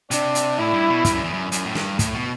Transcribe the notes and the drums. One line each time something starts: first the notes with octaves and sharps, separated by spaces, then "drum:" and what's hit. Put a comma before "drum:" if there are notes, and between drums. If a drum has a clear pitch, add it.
C3 D4, drum: hi-hat
drum: hi-hat
A2 E4
G2
B2
G2, drum: kick, hi-hat
F#2
E2
F#2
F#2, drum: hi-hat
A2
G2, drum: snare
A2, drum: kick, hi-hat
B2